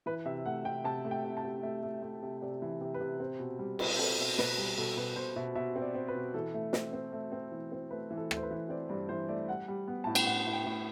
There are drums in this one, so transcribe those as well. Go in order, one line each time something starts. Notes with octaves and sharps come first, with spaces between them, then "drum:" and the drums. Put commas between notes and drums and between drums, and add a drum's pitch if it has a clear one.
E3 B4
C3 E5
A3 F#5
C3 G5
C3 A5
A3
G5
C3
A5
C3
A3 E5
A3
A3
C3
C3 D5
E3
C3
B4
C3
C4
B2
G3
C4, drum: cymbal
C4 A4
B2
B2 B4, drum: snare
G3
B2 A4
B2 B4
B2 C5
B2 E5
B2 E5
C4
D5
C4
B4
B2
E3 A4
A3
C4, drum: snare
C4
A3
C4
E3
C4
A3 B4
E3
A4
A3, drum: rim click
C5
B4
E3
C4 D5
G2 D5
E3 C5
A3 D5
G3 F#5
G3
B3
A2 A5
G5, drum: cymbal
A2 F#5
A2
G5
A2